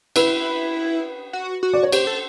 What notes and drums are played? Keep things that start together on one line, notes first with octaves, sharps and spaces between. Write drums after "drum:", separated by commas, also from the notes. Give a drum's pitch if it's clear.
E4 B4, drum: cymbal
F#4
F#4
D5
C#5
G4 C5, drum: cymbal
A4